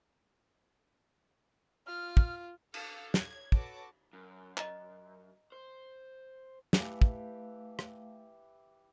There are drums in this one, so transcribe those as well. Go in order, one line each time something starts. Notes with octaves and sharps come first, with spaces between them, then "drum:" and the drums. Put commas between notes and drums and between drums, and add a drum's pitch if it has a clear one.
F4 F6
drum: kick
A4 F5 F6, drum: cymbal
C#5 G#6, drum: snare
F#4 A4 B4 C#5 A5 D6, drum: kick
F#2
D#5 A#5, drum: clap
C5
E3 A3 G4 F5, drum: snare
drum: kick
drum: rim click